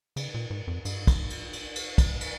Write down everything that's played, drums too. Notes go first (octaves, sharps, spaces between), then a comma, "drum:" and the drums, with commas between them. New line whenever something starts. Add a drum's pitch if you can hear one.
C#3, drum: cymbal
A#2
G#2
F2
G2, drum: cymbal
drum: kick, cymbal
drum: cymbal
drum: cymbal
drum: cymbal
drum: kick, cymbal
drum: cymbal